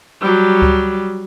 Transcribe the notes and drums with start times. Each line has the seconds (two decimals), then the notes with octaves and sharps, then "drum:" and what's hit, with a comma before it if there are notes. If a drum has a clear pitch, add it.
0.21 F#3 G3
0.62 drum: kick C#2